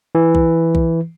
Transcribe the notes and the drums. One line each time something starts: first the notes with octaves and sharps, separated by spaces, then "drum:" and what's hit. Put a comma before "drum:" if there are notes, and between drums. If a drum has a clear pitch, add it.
E3
drum: kick B1
drum: kick B1